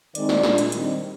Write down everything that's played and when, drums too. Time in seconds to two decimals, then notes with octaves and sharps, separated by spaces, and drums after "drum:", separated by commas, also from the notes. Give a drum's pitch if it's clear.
0.15 D#3 G#3 C4 D#4 D5, drum: hi-hat
0.29 drum: snare
0.43 A#2 G#3 D4, drum: snare
0.58 drum: hi-hat
0.72 D#3 G3 C4 D#4, drum: hi-hat